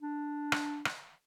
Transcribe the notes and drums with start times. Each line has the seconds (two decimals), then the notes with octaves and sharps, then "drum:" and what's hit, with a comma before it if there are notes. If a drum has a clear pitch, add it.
0.02 D4
0.52 drum: rim click
0.85 drum: rim click